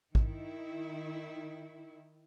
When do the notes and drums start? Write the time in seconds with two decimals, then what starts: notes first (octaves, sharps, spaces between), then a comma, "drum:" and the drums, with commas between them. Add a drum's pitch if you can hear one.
0.15 D#3 E4, drum: kick A1